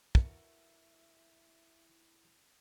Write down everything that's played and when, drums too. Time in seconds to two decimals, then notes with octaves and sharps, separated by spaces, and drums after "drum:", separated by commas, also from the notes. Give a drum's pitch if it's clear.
0.15 A3 E4 F#4 A#4 B4 E5, drum: kick